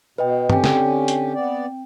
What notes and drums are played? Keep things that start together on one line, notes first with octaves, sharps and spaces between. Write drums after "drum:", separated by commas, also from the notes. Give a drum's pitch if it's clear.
B2 B4 D#5 G5
D3 C4 C#4 G4 G5, drum: tom
drum: snare
drum: hi-hat
B3 D5